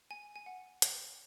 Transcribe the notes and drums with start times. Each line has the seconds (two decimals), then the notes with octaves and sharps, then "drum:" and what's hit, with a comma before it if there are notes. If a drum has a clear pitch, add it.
0.11 G#5
0.36 G#5
0.46 F#5
0.82 F5, drum: hi-hat